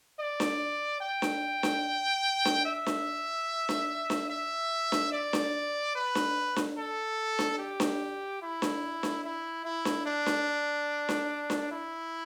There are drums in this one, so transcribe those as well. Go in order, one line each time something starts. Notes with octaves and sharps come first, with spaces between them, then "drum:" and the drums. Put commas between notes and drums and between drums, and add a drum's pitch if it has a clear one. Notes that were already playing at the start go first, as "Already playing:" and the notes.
D5
drum: snare D4
G5
drum: snare D4
drum: snare D4
drum: snare D4
E5
drum: snare D4
drum: snare D4
drum: snare D4
E5
drum: snare D4
D5
drum: snare D4
B4
drum: snare D4
drum: snare D4
A4
drum: snare D4
G4
drum: snare D4
E4
drum: snare D4
drum: snare D4
E4
E4
drum: snare D4
D4
drum: snare D4
drum: snare D4
drum: snare D4
E4